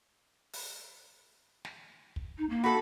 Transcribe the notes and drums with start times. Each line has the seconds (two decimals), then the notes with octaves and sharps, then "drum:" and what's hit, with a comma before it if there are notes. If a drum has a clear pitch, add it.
0.53 drum: open hi-hat
1.65 drum: snare
2.16 drum: kick
2.38 D#4
2.50 A#3
2.64 F#4 A4 B5